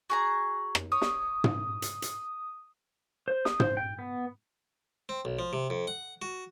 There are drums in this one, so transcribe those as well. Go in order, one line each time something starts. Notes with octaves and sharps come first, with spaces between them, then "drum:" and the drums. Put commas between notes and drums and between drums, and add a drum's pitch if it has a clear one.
F#4 G#4 A#5
drum: rim click
C#5 D#6
drum: snare
drum: tom
drum: hi-hat
drum: hi-hat
C5
D#6, drum: snare
C5, drum: tom
G5
B3
C4
B1
F3
C3
F2
F#5
F#4